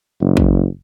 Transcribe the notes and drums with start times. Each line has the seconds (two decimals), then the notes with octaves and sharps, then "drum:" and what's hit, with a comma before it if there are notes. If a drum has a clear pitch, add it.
0.20 F#1
0.37 drum: kick